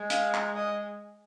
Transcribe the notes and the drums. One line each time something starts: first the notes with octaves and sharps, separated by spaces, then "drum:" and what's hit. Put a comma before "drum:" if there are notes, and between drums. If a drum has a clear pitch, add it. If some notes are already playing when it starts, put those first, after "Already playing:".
Already playing: G#3
F5, drum: hi-hat
drum: clap
D#5